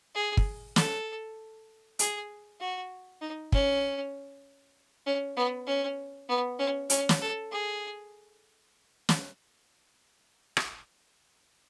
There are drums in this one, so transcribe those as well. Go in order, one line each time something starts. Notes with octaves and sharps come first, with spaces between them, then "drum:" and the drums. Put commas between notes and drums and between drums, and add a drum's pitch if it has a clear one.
G#4
drum: kick
A4, drum: snare
G#4, drum: hi-hat
F#4
D#4
C#4, drum: kick
C#4
B3
C#4
B3
C#4
C#4, drum: hi-hat
drum: snare
A4
G#4
drum: snare
drum: rim click